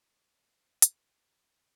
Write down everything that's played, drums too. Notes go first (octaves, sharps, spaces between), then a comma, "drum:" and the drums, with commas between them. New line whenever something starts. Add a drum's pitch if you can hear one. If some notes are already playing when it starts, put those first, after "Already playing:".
C5
C5
G#4, drum: hi-hat
C4